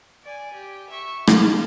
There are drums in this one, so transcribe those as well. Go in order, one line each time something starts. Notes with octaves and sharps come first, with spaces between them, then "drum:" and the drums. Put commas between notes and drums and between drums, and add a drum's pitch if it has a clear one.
D5 G#5
G4
E5 C#6
F5, drum: rim click